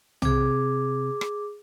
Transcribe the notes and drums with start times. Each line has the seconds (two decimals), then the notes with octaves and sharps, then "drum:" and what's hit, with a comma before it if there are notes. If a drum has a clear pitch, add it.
0.22 C3 C4 G#4 D6, drum: tom
1.21 drum: rim click